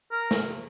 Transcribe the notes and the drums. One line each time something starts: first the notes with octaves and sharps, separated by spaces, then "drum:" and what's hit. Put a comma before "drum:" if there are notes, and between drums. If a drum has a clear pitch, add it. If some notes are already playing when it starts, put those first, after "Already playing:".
A#4
drum: snare